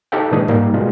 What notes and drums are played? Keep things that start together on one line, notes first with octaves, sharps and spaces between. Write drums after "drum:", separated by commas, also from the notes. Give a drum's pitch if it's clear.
D#4 G4 A4 F5 G5
A#2 D#3 E3 G#3 D4 D#6
G3 A#3 D#4, drum: tom G2
B2 G3 G#3 F4